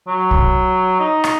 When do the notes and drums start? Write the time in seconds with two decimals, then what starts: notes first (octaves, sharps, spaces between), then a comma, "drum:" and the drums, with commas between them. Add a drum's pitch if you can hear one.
0.08 F#3
0.31 drum: kick
1.00 D#4
1.24 drum: rim click